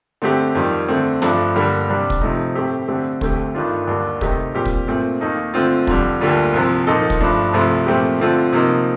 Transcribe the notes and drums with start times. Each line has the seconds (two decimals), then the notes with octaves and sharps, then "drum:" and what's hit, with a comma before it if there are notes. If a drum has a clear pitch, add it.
0.22 D3 A3 C4 G4
0.55 F2 D#3 G3
0.88 D3 A3 C4
1.22 G2 F3 A3 D4 A4, drum: snare
1.55 G2 D3 G3 A#3
1.88 C3 G3 D4
2.10 drum: kick
2.21 C3 F3 A3 D#4
2.55 A2 A3 C4 G4
2.88 D3 A3 C4 G4
3.21 D2 D3 A3 C4 G4, drum: kick
3.54 G2 D#3 A3 D4 F4
3.87 D#2 D3 G3 D4 A4
4.21 C3 D#3 A3 D#4 G4, drum: kick
4.54 A#2 G3 C4 G4
4.65 drum: kick
4.88 A#2 A3 C4
5.20 D#2 D#3 A#3 D#4 A4
5.54 D3 A3 C4 F4
5.87 F2 D3 G3, drum: kick
6.21 D2 D3 G3 A#3 F4
6.54 C2 C3 F3
6.87 A#2 F3 A#3 D#4 A4
7.10 drum: kick
7.20 G2 F3 A3 D4
7.53 C2 C3 F3 A3
7.86 A#2 F3 A3 C4 G4
8.20 D3 A3 C4 F4 A4
8.53 C3 F3 A#3 D#4